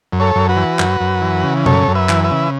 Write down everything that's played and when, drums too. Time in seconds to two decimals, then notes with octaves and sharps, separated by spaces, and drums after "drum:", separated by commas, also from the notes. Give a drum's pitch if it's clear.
0.13 F#2
0.20 A4 C#5
0.35 F#2
0.49 F#4 B4
0.57 E3
0.79 F#2, drum: clap
1.01 F#2
1.22 E3
1.43 C#3
1.66 F#2 A4 C#5, drum: tom B2
1.88 F#2
1.95 B4 E5
2.09 E3, drum: clap
2.24 B4 E5
2.31 C#3